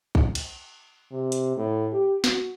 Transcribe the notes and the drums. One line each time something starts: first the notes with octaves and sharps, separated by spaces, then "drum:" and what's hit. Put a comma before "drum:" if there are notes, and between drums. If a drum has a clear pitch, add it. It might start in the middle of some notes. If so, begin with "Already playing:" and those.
drum: kick
drum: cymbal
C3
drum: hi-hat
A2
G4
F#4, drum: snare